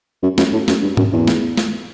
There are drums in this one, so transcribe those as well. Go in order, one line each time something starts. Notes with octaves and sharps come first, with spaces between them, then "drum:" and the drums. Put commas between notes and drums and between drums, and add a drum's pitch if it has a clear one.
F#2
F#2, drum: snare
A2
F#2, drum: snare
G2
F#2, drum: tom G#2
E2
drum: snare
drum: snare